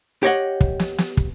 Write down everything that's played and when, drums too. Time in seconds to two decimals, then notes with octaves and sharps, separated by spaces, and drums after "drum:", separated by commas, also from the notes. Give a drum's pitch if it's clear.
0.23 G4 C#5 D#5 F#5
0.61 drum: kick
0.79 drum: snare
0.98 drum: snare
1.17 drum: kick